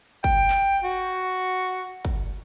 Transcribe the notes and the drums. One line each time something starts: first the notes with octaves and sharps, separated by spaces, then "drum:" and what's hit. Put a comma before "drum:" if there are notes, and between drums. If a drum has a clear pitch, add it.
G5, drum: kick
drum: clap
F#4
drum: kick